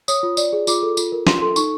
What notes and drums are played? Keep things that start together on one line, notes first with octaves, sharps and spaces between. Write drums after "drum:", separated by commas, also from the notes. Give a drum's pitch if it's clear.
C#5 D#6, drum: tambourine
F4
D5, drum: tambourine
G#4
F4 D6, drum: tambourine
A4
F4, drum: tambourine
A#4
F4 C6, drum: snare
A4 C6
D#4 C#6, drum: tambourine